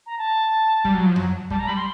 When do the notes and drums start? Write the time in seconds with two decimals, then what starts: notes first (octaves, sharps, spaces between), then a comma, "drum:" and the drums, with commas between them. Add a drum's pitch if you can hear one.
0.06 A#5
0.18 A5
0.84 G3, drum: kick
0.94 F#3
1.05 F3
1.16 F#3, drum: tom F2
1.50 G3 A5, drum: kick
1.59 A#5
1.67 G3 B5
1.76 C6